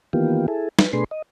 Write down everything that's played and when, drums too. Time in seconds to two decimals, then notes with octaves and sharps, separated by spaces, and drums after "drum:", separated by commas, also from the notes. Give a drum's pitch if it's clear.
0.13 D#3 E3 A#3 B3 F4 G4
0.48 E4 G#4 A4
0.79 B4, drum: snare
0.93 B2 A3 D4 G#4 B4 C6
1.11 D#5